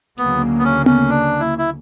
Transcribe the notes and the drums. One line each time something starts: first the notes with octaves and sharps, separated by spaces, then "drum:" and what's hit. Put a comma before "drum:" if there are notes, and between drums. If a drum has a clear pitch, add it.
D2 C#3 F#3 A#3 B3, drum: hi-hat
B3
C#4
C#4, drum: tom B3
D4
E4
E4